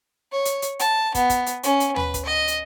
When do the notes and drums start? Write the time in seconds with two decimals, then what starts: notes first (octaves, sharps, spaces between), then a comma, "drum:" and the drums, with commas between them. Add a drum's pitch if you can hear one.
0.32 C#5
0.45 drum: hi-hat
0.62 drum: hi-hat
0.80 A5, drum: hi-hat
1.15 B3, drum: kick, hi-hat
1.30 drum: kick, hi-hat
1.47 drum: hi-hat
1.63 C#4, drum: hi-hat
1.80 drum: hi-hat
1.96 B4, drum: tom
2.14 drum: kick, hi-hat
2.25 D#5
2.48 drum: hi-hat